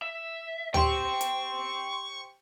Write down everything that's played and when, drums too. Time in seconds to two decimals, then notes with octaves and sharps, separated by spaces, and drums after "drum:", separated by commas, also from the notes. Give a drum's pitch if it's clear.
0.02 E5
0.74 G4 C5 G5 C6 C#6, drum: tom D2
1.21 drum: hi-hat